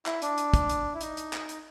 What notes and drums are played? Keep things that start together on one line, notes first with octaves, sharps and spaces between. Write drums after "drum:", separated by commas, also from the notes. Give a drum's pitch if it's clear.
E4, drum: clap
D4, drum: hi-hat
drum: hi-hat
drum: kick, hi-hat
drum: hi-hat
E4
D#4, drum: hi-hat
drum: hi-hat
drum: clap
drum: hi-hat